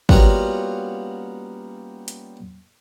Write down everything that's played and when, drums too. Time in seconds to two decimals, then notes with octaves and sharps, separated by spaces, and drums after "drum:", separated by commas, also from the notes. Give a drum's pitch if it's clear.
0.09 G3 A#3 B3 C#4 F4 F#4, drum: kick
2.08 drum: hi-hat